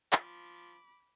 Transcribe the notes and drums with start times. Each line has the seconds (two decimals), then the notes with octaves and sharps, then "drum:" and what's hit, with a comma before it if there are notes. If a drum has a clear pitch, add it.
0.13 F3 B5 D6, drum: clap